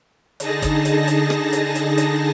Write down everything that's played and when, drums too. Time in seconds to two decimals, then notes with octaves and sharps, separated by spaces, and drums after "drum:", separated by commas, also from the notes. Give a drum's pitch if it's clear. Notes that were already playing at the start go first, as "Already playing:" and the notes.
0.40 D3 D#4 G#4 A5 A#6, drum: hi-hat
0.62 drum: kick, hi-hat
0.85 drum: hi-hat
1.07 drum: hi-hat
1.30 drum: rim click
1.53 drum: hi-hat
1.75 drum: hi-hat
1.98 drum: hi-hat